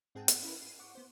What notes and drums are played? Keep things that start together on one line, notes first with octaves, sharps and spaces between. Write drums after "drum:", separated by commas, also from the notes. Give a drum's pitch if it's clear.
G#2 C4 G#4 F#5 G5 A5
B3, drum: hi-hat
C#4 E4 A#4 B4
C7 D#7
F#5 C#6 D6
B3 C5